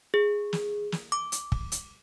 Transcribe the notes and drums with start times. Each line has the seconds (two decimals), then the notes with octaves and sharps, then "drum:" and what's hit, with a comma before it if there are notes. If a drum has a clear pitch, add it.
0.14 G#4
0.53 drum: snare
0.92 drum: snare
1.12 D6
1.32 drum: hi-hat
1.52 drum: kick
1.72 drum: hi-hat